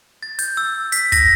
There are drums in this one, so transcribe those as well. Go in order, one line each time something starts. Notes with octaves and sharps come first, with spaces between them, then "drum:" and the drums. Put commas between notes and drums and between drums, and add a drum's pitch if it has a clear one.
A6
G6, drum: hi-hat
E6
B6, drum: hi-hat
A#6, drum: kick, hi-hat